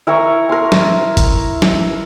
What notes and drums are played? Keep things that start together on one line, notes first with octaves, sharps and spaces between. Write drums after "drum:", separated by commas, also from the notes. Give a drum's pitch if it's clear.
E4 A#4 A#5 C#6
A#4 C6
drum: snare
drum: kick, hi-hat
drum: snare